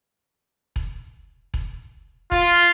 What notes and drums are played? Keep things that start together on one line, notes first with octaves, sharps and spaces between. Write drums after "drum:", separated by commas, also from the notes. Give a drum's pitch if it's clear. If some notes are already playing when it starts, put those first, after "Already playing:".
drum: kick E1
drum: kick E1
F4, drum: kick E1